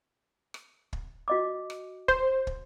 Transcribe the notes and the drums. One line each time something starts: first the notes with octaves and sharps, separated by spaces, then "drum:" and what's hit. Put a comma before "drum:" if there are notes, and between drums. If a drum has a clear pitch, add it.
drum: rim click
drum: kick
F#4 D#5 D6
drum: rim click
C5, drum: kick
drum: kick